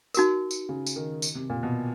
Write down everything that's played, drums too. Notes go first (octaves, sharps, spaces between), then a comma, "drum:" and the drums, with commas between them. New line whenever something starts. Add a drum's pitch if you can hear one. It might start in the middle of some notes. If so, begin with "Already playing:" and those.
D#4 F#4 A#4, drum: tambourine
drum: tambourine
C#3
drum: tambourine
D#3
drum: tambourine
C3
A#2
B2